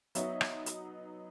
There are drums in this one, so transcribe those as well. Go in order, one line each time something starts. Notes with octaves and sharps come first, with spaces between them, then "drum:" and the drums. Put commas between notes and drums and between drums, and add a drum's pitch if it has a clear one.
F#3 B3 D#4 C#5 E5, drum: hi-hat
drum: rim click
drum: hi-hat